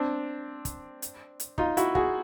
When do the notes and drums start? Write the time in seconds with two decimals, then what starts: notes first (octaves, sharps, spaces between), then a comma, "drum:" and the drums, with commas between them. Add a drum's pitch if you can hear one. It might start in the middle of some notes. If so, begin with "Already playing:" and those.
Already playing: C4 D4
0.65 drum: kick, hi-hat
1.02 drum: hi-hat
1.40 drum: hi-hat
1.58 D#4 F4, drum: kick
1.77 E4 F#4, drum: hi-hat
1.95 F#4 G#4, drum: kick